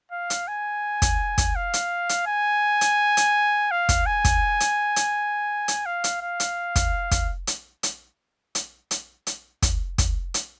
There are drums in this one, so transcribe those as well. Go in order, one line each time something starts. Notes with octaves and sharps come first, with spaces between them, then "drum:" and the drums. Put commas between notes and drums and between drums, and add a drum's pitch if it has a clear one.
F5
drum: hi-hat
G#5
drum: kick, hi-hat
drum: kick, hi-hat
F5
drum: hi-hat
drum: hi-hat
G#5
drum: hi-hat
drum: hi-hat
F5
drum: kick, hi-hat
G#5
drum: kick, hi-hat
drum: hi-hat
drum: hi-hat
drum: hi-hat
F5
drum: hi-hat
F5
drum: hi-hat
drum: kick, hi-hat
drum: kick, hi-hat
drum: hi-hat
drum: hi-hat
drum: hi-hat
drum: hi-hat
drum: hi-hat
drum: kick, hi-hat
drum: kick, hi-hat
drum: hi-hat